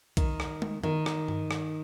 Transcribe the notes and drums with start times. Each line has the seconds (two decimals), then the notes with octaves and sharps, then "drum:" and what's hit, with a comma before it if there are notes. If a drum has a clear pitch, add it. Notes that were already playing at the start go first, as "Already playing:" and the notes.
0.17 D#3, drum: kick B1, hi-hat
0.40 drum: rim click
0.62 drum: tom
0.83 D#3, drum: tom D#3
1.06 drum: rim click
1.28 drum: tom G2
1.51 drum: rim click